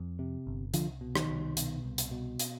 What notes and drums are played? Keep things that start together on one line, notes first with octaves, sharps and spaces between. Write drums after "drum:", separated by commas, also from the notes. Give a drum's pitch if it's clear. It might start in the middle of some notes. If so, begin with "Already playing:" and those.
Already playing: F2
C3
G1
C2 D3 F3, drum: hi-hat
B2
D#3, drum: rim click
C2
B2, drum: hi-hat
C2
drum: hi-hat
B2
drum: hi-hat